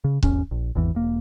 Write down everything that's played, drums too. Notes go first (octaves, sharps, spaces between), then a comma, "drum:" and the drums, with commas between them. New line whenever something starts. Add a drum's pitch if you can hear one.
C#3
G#1 E2 C#4, drum: kick C#1
A#1
G#1 E2 E3
E1 A#3